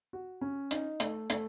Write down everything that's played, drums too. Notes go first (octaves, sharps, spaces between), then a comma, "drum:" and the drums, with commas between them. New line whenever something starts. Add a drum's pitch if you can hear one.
F#4
C#4
D#4, drum: hi-hat
A3, drum: hi-hat
A3, drum: hi-hat